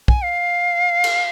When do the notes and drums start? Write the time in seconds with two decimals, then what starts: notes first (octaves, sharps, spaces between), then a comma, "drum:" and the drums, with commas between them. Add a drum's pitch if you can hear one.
0.08 G#5, drum: kick
0.24 F5
1.04 drum: cymbal